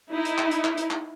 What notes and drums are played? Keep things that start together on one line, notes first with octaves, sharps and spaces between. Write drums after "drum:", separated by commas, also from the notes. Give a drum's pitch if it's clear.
D#4 E4
drum: hi-hat
drum: clap
drum: hi-hat
drum: clap
drum: hi-hat
drum: clap